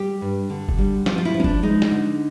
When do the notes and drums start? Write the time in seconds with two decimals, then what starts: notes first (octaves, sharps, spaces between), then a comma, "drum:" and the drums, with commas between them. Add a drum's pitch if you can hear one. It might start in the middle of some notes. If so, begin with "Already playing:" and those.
Already playing: G3 G4
0.21 G2
0.50 D3
0.69 drum: kick F#1
0.78 G3
1.06 F3 F4, drum: snare
1.18 F4
1.25 E4
1.34 F3
1.40 C#4
1.44 D4, drum: kick F#1
1.63 G#3 D#4
1.82 drum: snare
1.91 D3